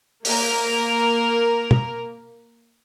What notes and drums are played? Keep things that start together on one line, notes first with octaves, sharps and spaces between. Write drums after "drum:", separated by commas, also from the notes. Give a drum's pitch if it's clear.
A#3 A#4, drum: open hi-hat
drum: tom